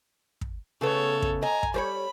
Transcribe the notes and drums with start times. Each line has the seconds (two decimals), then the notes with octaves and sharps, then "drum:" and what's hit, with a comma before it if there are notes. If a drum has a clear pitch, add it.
0.41 drum: kick
0.81 C#3 A3 B3 A4 C#5
1.22 drum: kick
1.43 D#5 G#5 A#5
1.63 drum: kick
1.74 G3 C5 C#5 B5